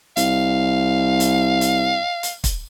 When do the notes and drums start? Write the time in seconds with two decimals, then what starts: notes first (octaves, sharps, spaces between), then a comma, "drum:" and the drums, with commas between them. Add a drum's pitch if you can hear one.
0.17 C2 F5, drum: hi-hat
1.20 drum: hi-hat
1.61 drum: hi-hat
2.23 drum: hi-hat
2.44 drum: kick, hi-hat